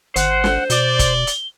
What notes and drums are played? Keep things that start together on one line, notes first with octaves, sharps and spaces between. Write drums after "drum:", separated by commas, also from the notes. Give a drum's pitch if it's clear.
G#1 C5 F#5, drum: hi-hat
drum: snare
B2 D5 G7, drum: hi-hat
drum: kick, hi-hat
drum: hi-hat